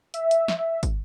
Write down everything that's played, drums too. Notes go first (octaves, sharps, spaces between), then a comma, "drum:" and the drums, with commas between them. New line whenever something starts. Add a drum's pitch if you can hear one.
E5, drum: hi-hat
drum: hi-hat
drum: snare
drum: kick, hi-hat